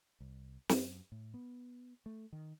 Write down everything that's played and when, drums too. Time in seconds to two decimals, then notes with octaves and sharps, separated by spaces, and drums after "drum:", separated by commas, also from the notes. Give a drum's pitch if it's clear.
0.20 C2
0.69 F#2, drum: snare
1.12 A2
1.34 B3
2.06 A3
2.33 D#3